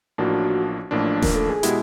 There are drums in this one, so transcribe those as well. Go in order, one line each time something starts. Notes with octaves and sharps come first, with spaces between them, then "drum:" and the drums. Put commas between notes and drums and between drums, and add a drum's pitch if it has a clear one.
A1 A2 F3 A#3 D4 F#4
A1 A2 F3 A#3 D4
A#4, drum: snare D#1
A4
G#4
B2 G#3 B3 E4 G4, drum: hi-hat